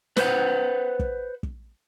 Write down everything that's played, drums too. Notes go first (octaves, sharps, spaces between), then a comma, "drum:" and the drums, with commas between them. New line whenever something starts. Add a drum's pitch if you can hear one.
B4 C5 F#5, drum: snare
drum: kick
drum: kick